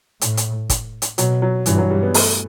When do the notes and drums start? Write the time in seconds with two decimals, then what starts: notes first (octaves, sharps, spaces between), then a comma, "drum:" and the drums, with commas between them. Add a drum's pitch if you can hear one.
0.21 A2, drum: hi-hat
0.37 drum: hi-hat
0.70 drum: kick, hi-hat
1.02 drum: hi-hat
1.18 B2 F#3, drum: hi-hat
1.42 F#3
1.66 G2 E3, drum: hi-hat
1.78 F#3
1.90 G3
2.03 B3
2.14 A3, drum: open hi-hat